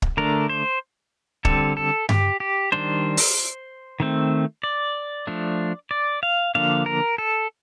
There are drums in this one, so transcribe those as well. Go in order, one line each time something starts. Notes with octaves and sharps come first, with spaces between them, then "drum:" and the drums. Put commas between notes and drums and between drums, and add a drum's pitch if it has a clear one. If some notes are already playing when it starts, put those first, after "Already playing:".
drum: kick
D3 A3 D4 A#4
C5
D3 G3 C4 A4, drum: kick
A4
G4, drum: tom G2
G4
D#3 G3 D4 C5
drum: open hi-hat
D#3 A3 C4
D5
F3 A3 D4
D5
F5
D3 F3 A#3 D4 F5
A#4
A4